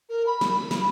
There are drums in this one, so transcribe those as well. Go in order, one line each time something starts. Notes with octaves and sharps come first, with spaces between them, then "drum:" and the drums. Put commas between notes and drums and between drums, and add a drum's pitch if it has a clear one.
A#4
B5
drum: snare
drum: snare